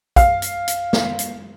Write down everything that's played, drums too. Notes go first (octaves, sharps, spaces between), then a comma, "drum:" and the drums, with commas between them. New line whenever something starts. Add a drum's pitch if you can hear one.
F5, drum: kick, hi-hat
drum: hi-hat
drum: hi-hat
drum: snare
drum: hi-hat